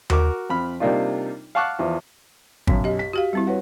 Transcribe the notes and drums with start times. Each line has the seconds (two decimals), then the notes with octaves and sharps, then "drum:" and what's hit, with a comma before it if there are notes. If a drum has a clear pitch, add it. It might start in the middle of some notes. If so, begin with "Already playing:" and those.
0.10 F#4 A#4 D6, drum: tom D#2
0.50 F2 B5 F6
0.80 C3 G3 A#3 D4 D#4 F4
1.55 F5 F#5 A5 C#6 D6 F#6
1.79 E2 F3
2.67 B1 F#2 B6, drum: kick G#1
2.84 G4 D#5
2.99 B6
3.13 F#4 G4 F5
3.33 G3 C4 E4
3.47 F#4 B4 C#5